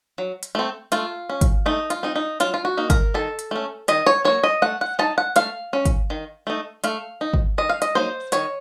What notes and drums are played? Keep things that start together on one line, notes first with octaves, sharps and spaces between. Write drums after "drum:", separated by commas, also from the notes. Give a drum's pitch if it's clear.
F#3
drum: hi-hat
A3 C4
A3 F4, drum: hi-hat
C#4
drum: kick, hi-hat
A3 D#4
F4, drum: hi-hat
C4 D#4
D#4
F#3 F4, drum: hi-hat
F4
F#4
A#3 D#4
A#4, drum: kick, hi-hat
D#3 A4
drum: hi-hat
A3 C#4
D#3 D#5, drum: hi-hat
C#5
F#3 A#3 C#5
D#5
A3 F#5
F#5
D#4 A5
F#5
A3 F5, drum: hi-hat
C#4
drum: kick, hi-hat
D#3
A3 D#4
A3 F5, drum: hi-hat
D#4
drum: kick
D#3 D#5
F5
D#5, drum: hi-hat
F#3 A#3 D#4 C5
D#3 C#5, drum: hi-hat